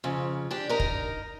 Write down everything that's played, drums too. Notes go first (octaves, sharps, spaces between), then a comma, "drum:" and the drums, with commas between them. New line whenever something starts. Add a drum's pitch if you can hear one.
F2 C#3
D4 G4
D#4 A#4
drum: kick